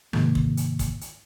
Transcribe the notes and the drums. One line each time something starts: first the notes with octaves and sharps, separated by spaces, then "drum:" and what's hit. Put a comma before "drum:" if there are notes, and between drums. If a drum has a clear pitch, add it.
G#2 C3 D#3 A#3, drum: rim click
drum: kick
drum: hi-hat
drum: kick, hi-hat
drum: hi-hat